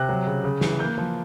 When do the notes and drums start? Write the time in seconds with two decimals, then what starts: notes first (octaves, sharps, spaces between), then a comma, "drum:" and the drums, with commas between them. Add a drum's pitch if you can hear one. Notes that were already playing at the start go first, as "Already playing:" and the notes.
Already playing: C3 F#6
0.09 F#3
0.27 C#3
0.44 C#3
0.61 E3, drum: snare
0.79 A#3 G6
0.98 F3